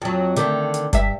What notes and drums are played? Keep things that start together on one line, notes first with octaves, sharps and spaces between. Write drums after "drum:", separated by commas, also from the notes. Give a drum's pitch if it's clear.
F2 F#3
D3 D#3 A3, drum: hi-hat
drum: hi-hat
G2 E5, drum: kick, hi-hat